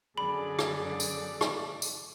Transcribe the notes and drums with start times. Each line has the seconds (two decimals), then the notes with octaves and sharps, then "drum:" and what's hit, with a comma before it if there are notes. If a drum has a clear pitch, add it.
0.18 F#2 B2 D3 G#4 A4 D5 B5
0.59 drum: rim click
1.00 drum: tambourine
1.41 drum: rim click
1.82 drum: tambourine